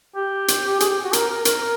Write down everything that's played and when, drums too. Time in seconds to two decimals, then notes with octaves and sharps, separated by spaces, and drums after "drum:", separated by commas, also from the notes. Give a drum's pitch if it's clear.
0.16 G4
0.48 drum: hi-hat
0.80 G#4, drum: hi-hat
0.89 G4
1.04 F#4
1.13 A#4, drum: hi-hat
1.30 A#4
1.45 A#4, drum: hi-hat